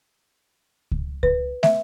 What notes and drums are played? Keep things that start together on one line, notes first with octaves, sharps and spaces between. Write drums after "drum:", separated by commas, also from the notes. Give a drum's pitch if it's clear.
drum: kick C#2
B4, drum: kick C#2
E5, drum: snare